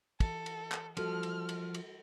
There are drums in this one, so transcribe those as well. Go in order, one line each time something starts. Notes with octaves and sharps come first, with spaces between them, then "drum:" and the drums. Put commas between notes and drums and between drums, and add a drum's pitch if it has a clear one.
E3 A4, drum: kick, cymbal
drum: cymbal
drum: clap
F3 G3 F#4 A4 F6, drum: cymbal
drum: cymbal
drum: cymbal
drum: cymbal